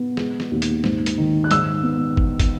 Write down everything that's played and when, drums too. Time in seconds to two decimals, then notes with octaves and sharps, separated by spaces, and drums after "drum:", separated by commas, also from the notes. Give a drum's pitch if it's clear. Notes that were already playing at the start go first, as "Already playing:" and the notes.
Already playing: B3
0.17 G#3, drum: snare
0.40 drum: snare
0.51 D#2
0.62 drum: hi-hat
0.84 G#2, drum: snare
1.06 drum: hi-hat
1.18 D#3
1.44 F#6
1.51 G#2 E6, drum: hi-hat
1.83 B3
2.17 drum: kick
2.40 drum: kick, hi-hat